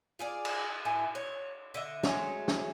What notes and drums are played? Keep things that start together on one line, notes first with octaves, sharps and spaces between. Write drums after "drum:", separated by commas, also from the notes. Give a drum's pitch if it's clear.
F4 G#4 D5
drum: cymbal
A2 E4 G#5
C#5
D3 D#5 E5
F#3 G#3 A3 C#4, drum: snare
drum: snare